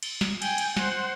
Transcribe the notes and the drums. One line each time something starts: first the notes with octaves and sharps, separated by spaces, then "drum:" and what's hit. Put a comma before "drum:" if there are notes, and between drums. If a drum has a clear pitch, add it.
drum: cymbal
drum: snare
G5 G#5, drum: cymbal
drum: cymbal
C5 F#5, drum: snare